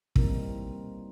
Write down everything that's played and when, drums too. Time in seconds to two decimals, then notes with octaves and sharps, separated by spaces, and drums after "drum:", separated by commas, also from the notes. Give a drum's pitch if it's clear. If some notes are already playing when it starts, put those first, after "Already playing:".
0.16 E3 G3 A#3 C4 D#4 A#4, drum: kick